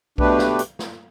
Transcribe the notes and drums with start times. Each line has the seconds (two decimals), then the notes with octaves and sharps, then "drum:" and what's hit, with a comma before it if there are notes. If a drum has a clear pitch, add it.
0.18 B2 A3 D4 G4 B4, drum: kick B1
0.39 drum: snare
0.59 drum: hi-hat
0.79 drum: snare